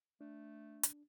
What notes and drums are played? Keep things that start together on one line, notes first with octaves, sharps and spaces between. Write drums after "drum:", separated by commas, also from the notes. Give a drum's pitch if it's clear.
A3 D4
drum: hi-hat